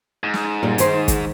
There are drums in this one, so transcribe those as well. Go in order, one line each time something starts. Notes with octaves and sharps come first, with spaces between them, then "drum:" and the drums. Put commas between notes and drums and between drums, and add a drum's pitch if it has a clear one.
G#2
drum: snare
A#2 G3
D#3 C5, drum: hi-hat
drum: kick, hi-hat